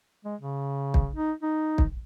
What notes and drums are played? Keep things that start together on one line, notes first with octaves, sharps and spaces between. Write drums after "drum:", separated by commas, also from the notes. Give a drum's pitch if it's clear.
G#3
C#3
drum: kick
D#4
D#4
drum: kick